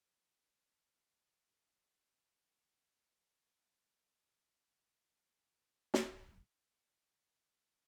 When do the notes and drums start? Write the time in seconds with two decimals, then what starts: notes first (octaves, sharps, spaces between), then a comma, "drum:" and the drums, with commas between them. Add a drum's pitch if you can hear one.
0.14 E3
0.30 E3
0.47 E3
0.64 F3
0.81 E3
0.98 D#3
1.31 E3
1.48 D#3
1.70 B2
1.93 A#2
2.15 A2
2.37 G2
2.60 G#2
2.82 G2
2.99 G#2
3.15 A2
3.32 G#2
3.49 G2
3.65 G#2
3.82 A2
3.99 B2
4.16 A#2
4.38 A2
4.60 G#2
4.76 G#2
4.83 A2
5.05 A2
5.18 B2
5.27 A#2
5.50 A2
5.94 drum: snare
6.84 G#2
7.06 A2
7.28 G2
7.51 G#2